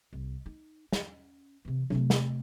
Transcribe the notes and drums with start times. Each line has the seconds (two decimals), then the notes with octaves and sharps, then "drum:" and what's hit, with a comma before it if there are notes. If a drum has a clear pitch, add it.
0.13 C2
0.46 D#4
0.93 C#4, drum: snare
1.65 C3 E3
1.90 C3 A3, drum: tom F#3
2.10 drum: snare